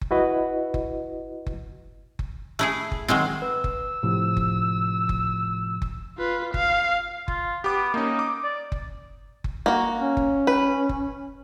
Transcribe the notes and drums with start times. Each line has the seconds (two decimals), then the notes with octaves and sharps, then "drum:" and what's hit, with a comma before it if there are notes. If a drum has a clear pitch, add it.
0.01 drum: kick F#1
0.11 E4 F#4 B4 D#5
0.74 drum: kick F#1
1.46 drum: kick F#1
2.19 drum: kick F#1
2.59 A3 E4 G#4
2.92 drum: kick F#1
3.08 D#3 F#3 G#3 C4
3.42 B4 E6
3.64 drum: kick F#1
4.03 A2 C3 F3
4.37 drum: kick F#1
5.09 drum: kick F#1
5.82 drum: kick F#1
6.18 F4 B4
6.54 F5, drum: kick F#1
7.28 F4, drum: kick F#1
7.64 B3 G4 D6
7.94 A#3 C#4 D#4
8.19 D6
8.44 D5
8.72 drum: kick F#1
9.44 drum: kick F#1
9.66 A#3 F#4
10.00 C#4
10.17 drum: kick F#1
10.47 B4
10.89 drum: kick F#1